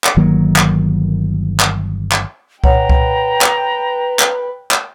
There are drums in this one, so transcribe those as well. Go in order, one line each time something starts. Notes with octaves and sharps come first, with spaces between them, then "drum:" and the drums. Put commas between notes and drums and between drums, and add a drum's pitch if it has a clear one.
drum: clap
G1 D#3 F#3 A#3
drum: clap
drum: clap
drum: clap
B4 C#5 F#5 G5 A#5, drum: kick C2
drum: kick C2
drum: clap
drum: clap
drum: clap